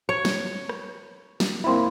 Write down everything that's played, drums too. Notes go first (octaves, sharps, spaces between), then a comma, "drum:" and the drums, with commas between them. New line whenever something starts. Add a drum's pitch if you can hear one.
C#5
drum: snare
drum: rim click
drum: snare
A#3 C4 E4 B5 C6